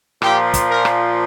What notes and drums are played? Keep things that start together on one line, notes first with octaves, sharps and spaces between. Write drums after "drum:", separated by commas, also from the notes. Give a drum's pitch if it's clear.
A#2 F3 G4, drum: rim click
drum: kick, hi-hat
A#4
drum: rim click